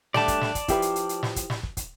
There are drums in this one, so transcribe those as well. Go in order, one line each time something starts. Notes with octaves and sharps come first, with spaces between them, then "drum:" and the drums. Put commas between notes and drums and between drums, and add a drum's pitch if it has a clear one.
G3 A3 D4 D5 A5, drum: snare
drum: kick, hi-hat
drum: snare
drum: kick, hi-hat
F3 E4 G4 B4, drum: kick, hi-hat
drum: hi-hat
drum: hi-hat
drum: hi-hat
drum: snare
drum: kick, hi-hat
drum: snare
drum: kick
drum: kick, hi-hat